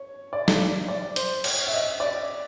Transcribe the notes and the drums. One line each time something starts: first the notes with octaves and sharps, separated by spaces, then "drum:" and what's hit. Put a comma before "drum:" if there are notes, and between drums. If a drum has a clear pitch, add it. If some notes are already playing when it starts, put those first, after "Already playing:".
Already playing: C#5
D5
drum: snare
D5
C5, drum: hi-hat
C#5, drum: cymbal
E5
D#5
D5